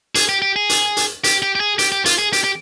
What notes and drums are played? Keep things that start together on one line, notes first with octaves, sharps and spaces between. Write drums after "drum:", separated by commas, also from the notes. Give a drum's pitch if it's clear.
G#4, drum: hi-hat
G4
G4
G#4
drum: hi-hat
drum: hi-hat
G4, drum: hi-hat
G4
G4
G#4
G4, drum: hi-hat
G4
F4, drum: hi-hat
G#4
G4, drum: hi-hat
G4